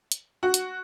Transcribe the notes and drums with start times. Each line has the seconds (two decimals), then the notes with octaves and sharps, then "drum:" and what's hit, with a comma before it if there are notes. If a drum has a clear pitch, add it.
0.12 drum: hi-hat
0.43 F#4
0.54 drum: hi-hat